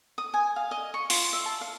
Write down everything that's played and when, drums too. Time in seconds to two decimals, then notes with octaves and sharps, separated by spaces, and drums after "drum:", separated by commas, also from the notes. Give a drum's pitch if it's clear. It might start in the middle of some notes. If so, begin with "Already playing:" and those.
0.18 D#6
0.34 G#5
0.56 F5
0.71 D#5
0.94 C#6
1.10 F4, drum: open hi-hat
1.33 E5
1.45 A5
1.61 F5